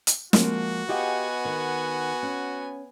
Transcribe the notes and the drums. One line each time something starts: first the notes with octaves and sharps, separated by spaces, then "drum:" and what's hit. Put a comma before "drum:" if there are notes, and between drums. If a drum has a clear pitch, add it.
drum: hi-hat
F3 G#3 A#3 F#4, drum: snare
B3 F4 G4 G#4 D#5 F#5 G#5
D#3
C#4